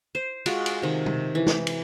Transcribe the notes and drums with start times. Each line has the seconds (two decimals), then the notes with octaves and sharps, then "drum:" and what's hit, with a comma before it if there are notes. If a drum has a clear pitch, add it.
0.15 C5
0.46 G#3 F4 F#4, drum: cymbal
0.66 drum: cymbal
0.82 C3 D#3
1.06 drum: tom
1.35 E3
1.47 drum: snare
1.67 drum: cymbal